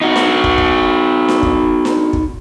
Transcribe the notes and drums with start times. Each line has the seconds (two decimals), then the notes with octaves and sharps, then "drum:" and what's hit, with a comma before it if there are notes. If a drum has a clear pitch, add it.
0.01 D#4 F#4
0.16 drum: snare D4
0.44 drum: kick
0.58 drum: kick
1.28 drum: snare D4
1.43 drum: kick
1.85 drum: snare D4
2.13 drum: kick